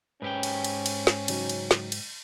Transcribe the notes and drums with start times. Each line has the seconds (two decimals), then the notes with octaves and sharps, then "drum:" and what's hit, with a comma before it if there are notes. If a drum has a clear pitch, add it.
0.22 G#2 C#4 G4 B4 G5
0.43 drum: cymbal
0.64 drum: cymbal
0.86 drum: cymbal
1.07 drum: snare
1.28 C#3 F#3 D#4, drum: cymbal
1.49 drum: cymbal
1.71 drum: snare
1.92 drum: cymbal